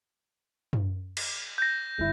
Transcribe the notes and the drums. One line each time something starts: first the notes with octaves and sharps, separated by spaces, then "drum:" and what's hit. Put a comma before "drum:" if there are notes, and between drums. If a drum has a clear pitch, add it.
drum: tom F#2
drum: cymbal
G6 A#6
G1 E4